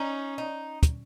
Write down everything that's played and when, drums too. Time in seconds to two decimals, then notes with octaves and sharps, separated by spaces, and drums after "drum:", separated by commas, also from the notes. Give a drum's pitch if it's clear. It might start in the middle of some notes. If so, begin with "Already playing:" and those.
Already playing: C#4 D#4
0.38 D#4
0.83 drum: kick, hi-hat